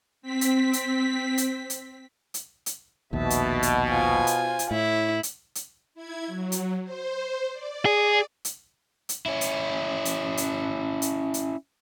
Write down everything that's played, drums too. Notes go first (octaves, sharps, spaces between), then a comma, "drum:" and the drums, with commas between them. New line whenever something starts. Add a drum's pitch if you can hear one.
C4 B6
drum: hi-hat
drum: hi-hat
drum: hi-hat
drum: hi-hat
drum: hi-hat
drum: hi-hat
A#1 D#2 B2 E5 A5
drum: hi-hat
drum: hi-hat
F4 C5 G#5
drum: hi-hat
drum: hi-hat
A2 E4 C#5
drum: hi-hat
drum: hi-hat
E4 G#6
F#3
drum: hi-hat
C5
D5
G#4
drum: hi-hat
drum: hi-hat
C#4 E4
drum: hi-hat
drum: hi-hat
drum: hi-hat
drum: hi-hat
drum: hi-hat